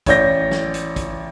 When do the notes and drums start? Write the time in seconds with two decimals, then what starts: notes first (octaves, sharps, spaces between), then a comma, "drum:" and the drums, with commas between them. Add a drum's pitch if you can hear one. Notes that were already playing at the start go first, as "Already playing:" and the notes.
0.06 A1 C#5 D5 G6 A#6, drum: kick, hi-hat
0.51 drum: snare
0.74 drum: hi-hat
0.96 drum: kick, hi-hat